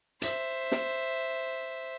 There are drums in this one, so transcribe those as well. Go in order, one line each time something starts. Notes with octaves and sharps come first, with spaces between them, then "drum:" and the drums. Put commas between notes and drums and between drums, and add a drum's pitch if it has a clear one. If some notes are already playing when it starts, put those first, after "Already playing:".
C5 E5, drum: hi-hat
drum: snare